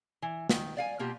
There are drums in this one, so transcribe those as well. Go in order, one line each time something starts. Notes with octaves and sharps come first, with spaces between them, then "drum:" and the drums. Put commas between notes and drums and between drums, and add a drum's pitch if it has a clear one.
E3
D#3, drum: snare
D5 F5 G#5
B2 A#3 F4 G4